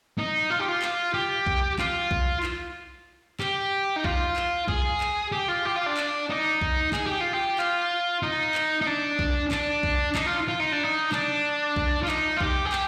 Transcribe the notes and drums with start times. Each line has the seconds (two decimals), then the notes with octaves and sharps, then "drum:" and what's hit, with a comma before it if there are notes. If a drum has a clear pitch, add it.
0.18 D#4
0.50 F4
0.60 G4
0.68 F4
0.82 drum: clap
1.14 G4
1.46 drum: kick B1
1.79 F4, drum: clap
2.11 drum: kick B1
2.43 drum: clap
3.40 G4, drum: clap
3.96 D#4
4.04 F4, drum: kick B1
4.36 drum: clap
4.68 G#4, drum: kick B1
5.01 drum: clap
5.32 G4
5.48 F4
5.65 G4
5.76 F4
5.86 D4
5.97 drum: clap
6.30 D#4
6.61 drum: kick B1
6.93 G#4, drum: clap
7.07 G4
7.20 F4
7.33 G4
7.59 F4, drum: clap
8.23 D#4
8.55 drum: clap
8.81 D#4
8.86 D4
9.19 drum: kick B1
9.51 D4, drum: clap
9.83 drum: kick B1
10.15 D#4, drum: clap
10.26 F4
10.48 F4
10.60 D#4
10.72 D4
10.83 D#4
11.12 D4, drum: clap
11.76 drum: kick B1
12.03 F4
12.08 D#4, drum: clap
12.37 F4
12.41 G4, drum: kick B1
12.65 G#4
12.72 G4, drum: clap